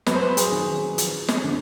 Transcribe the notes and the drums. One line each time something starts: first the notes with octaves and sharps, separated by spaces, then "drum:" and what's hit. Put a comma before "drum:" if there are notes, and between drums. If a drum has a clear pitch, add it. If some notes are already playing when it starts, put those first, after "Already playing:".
F#3 B4, drum: snare
C5
B4
G#4, drum: hi-hat
D#3
G#4
F3, drum: hi-hat
drum: snare
D3